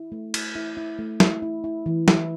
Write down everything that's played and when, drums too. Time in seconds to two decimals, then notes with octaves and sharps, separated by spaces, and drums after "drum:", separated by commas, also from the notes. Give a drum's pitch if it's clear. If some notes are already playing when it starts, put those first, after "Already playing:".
Already playing: E4
0.12 A3
0.34 E4, drum: cymbal
0.56 E4
0.77 E4
0.99 A3
1.20 E4, drum: snare
1.42 E4
1.64 E4
1.86 E3
2.08 E4, drum: snare